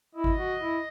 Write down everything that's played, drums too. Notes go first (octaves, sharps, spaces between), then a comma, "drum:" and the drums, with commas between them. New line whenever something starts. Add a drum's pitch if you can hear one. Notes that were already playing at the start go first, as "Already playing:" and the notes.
E4 D#5
drum: kick G#1
F#4
E4